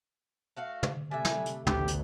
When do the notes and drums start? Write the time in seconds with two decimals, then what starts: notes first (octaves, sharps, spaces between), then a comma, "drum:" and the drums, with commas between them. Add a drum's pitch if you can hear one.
0.57 A3 F#4 F5
0.83 drum: tom
1.11 C3 G3 A3 D4 E5 G#5
1.25 drum: snare
1.46 drum: hi-hat
1.67 A1 D2 A3 B3 G4, drum: tom
1.88 drum: hi-hat